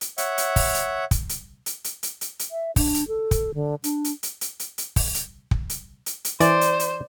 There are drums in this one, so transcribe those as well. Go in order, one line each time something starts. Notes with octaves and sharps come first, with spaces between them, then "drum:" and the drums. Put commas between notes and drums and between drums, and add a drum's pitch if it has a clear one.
drum: hi-hat
C#5 E5 F#5, drum: hi-hat
drum: hi-hat
drum: kick, open hi-hat
drum: hi-hat
drum: kick, hi-hat
drum: hi-hat
drum: hi-hat
drum: hi-hat
drum: hi-hat
drum: hi-hat
drum: hi-hat
E5
D4, drum: kick, open hi-hat
drum: hi-hat
A4
drum: kick, hi-hat
D3
D4, drum: hi-hat
drum: hi-hat
drum: hi-hat
drum: hi-hat
drum: hi-hat
drum: hi-hat
drum: kick, open hi-hat
drum: hi-hat
drum: kick
drum: hi-hat
drum: hi-hat
drum: hi-hat
E3 C5 D5, drum: hi-hat
drum: hi-hat
drum: hi-hat